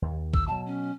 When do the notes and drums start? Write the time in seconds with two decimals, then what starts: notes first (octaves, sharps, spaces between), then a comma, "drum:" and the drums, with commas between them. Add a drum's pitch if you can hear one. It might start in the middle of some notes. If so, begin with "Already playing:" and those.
0.02 D#2
0.34 E6, drum: kick A#1
0.48 B2 F#3 A5
0.66 C#4